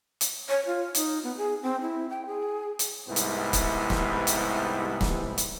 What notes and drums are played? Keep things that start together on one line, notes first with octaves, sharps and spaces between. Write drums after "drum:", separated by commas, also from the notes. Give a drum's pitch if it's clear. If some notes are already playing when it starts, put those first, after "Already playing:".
drum: hi-hat
C#5
F4
D#4, drum: hi-hat
B3
G#4
C4
E4
G5
G#4
drum: hi-hat
C2 G#2 G3 B3 E4
drum: hi-hat
drum: kick C#1, hi-hat
drum: snare
drum: hi-hat
drum: snare
drum: hi-hat